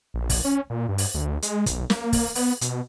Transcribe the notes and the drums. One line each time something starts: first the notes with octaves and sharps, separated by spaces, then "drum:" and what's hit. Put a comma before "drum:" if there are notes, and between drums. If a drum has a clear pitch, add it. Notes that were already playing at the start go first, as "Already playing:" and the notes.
A#1
drum: kick, open hi-hat
C#4
A#2
G2
drum: open hi-hat
D2
G#3, drum: hi-hat
B1, drum: kick, hi-hat
A#3, drum: snare
drum: kick, open hi-hat
B3, drum: open hi-hat
B2, drum: hi-hat